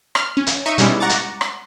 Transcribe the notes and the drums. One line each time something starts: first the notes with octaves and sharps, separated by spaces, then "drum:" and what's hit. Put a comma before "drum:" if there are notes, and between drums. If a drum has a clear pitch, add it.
F6, drum: rim click
C#4
drum: hi-hat
D#4 E5 C#6 C#7 D#7
B2 G3 G#3 C#4 E4, drum: hi-hat
F#5 A#5 C#6 D6 A6
drum: hi-hat
drum: rim click